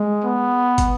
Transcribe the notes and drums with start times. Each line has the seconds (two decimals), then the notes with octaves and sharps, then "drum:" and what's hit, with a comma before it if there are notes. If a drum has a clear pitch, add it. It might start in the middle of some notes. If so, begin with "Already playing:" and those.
Already playing: G#3
0.24 B3
0.78 drum: kick, hi-hat